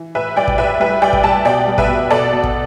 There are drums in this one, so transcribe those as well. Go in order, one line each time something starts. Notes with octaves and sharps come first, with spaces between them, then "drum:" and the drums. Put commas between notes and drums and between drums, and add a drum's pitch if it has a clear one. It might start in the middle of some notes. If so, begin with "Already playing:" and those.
Already playing: E3
A2 B4 E5
G3 D5 G5
drum: kick
A2 B4 E5
G3 B4 E5
G3 D5 G5
drum: kick
G3 E5 A5
B2 D5 G5
G3
B4 E5, drum: kick
B2
B2 A4 D5
B2
drum: kick